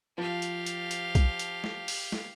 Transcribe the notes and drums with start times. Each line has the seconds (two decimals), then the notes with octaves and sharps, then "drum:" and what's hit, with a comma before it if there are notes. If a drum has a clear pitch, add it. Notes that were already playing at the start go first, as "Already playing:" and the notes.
0.18 F3 G4 F5
0.42 drum: hi-hat
0.66 drum: hi-hat
0.91 drum: hi-hat
1.15 drum: kick B1, hi-hat
1.39 drum: hi-hat
1.64 drum: snare
1.88 drum: open hi-hat
2.12 drum: snare